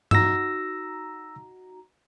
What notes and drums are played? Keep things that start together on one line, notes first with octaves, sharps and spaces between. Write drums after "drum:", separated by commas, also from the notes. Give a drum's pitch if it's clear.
D#4 F#4 A#5 E6 A#6, drum: tom G2